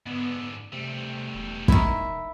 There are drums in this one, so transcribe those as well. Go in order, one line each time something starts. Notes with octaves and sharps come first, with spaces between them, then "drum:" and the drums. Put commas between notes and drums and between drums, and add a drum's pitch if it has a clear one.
G#2 D3 B3
C3 G3 A3
E1
D#3 E4, drum: kick